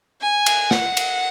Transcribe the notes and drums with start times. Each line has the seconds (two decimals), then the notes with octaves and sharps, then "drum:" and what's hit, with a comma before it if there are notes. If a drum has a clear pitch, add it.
0.21 G#5
0.46 drum: cymbal
0.71 F#5, drum: snare
0.97 drum: cymbal